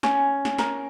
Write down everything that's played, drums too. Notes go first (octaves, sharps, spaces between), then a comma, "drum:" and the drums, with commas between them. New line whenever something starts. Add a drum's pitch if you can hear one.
C#4, drum: snare
drum: snare
A#4, drum: snare